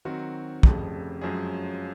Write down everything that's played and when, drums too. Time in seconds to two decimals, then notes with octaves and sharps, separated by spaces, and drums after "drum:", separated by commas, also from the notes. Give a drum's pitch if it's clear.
0.05 D#3 F#3 C4 F#4
0.63 F1 F2 C#3, drum: kick
1.21 F#2 F3 G#3 C#4 G#4